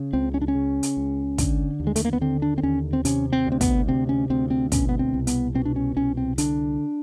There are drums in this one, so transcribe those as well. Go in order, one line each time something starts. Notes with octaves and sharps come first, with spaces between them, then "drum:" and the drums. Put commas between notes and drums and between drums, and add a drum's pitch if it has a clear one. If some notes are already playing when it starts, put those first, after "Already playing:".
Already playing: C#3
C#2 C4
C#4
D4
C#4
C#3
drum: hi-hat
C#2
D3, drum: kick, hi-hat
D#2
G#3
A3, drum: hi-hat
A#3
B3
D3 C4
D4
C4
D#2 C#4
C4
C3 C#4, drum: hi-hat
C4
D2
C4
B3, drum: kick, hi-hat
C3 C4
C#4
D2 C4
C4
B2 C#4, drum: kick, hi-hat
B3
C4
C2
B3, drum: hi-hat
B2 C4
D4
C#4
C2 C#4
C4
D3 D4, drum: hi-hat